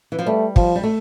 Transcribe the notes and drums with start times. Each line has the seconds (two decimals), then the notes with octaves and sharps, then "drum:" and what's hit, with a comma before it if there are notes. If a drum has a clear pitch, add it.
0.12 E3
0.19 F3
0.26 G3 A3
0.56 F3, drum: kick
0.76 G3
0.84 A3